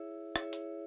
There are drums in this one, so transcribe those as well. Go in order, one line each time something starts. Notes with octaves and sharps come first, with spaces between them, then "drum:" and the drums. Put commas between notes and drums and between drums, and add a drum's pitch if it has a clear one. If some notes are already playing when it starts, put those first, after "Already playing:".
Already playing: E4 G#4 C#5 E5
E4 G#4 C#5 E5, drum: rim click
drum: hi-hat